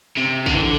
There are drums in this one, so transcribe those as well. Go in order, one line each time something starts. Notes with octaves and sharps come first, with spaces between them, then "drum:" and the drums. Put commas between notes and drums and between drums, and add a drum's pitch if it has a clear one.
C3
D3, drum: kick
E3
D3